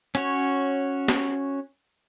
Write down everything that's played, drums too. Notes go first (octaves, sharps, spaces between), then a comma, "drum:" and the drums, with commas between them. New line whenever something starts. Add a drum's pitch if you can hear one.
C#4 F#4 C#5, drum: hi-hat
drum: snare